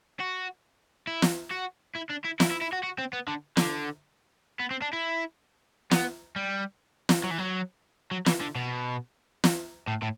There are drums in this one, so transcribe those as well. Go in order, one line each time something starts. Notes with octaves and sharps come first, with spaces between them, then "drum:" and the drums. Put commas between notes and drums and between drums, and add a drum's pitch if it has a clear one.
F#4
E4
drum: snare
F#4
E4
D4
E4
E4, drum: snare
E4
E4
F#4
F#4
C4
B3
D3
D3, drum: snare
B3
C4
D4
E4
B3, drum: snare
G3
drum: snare
F#3
E3
F#3
F#3
E3, drum: snare
D3
B2
drum: snare
A2
A2